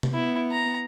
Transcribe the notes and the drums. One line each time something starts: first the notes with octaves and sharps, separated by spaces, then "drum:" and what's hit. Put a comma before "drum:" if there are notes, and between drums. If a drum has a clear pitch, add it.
drum: tom C3
B3 E4
A#5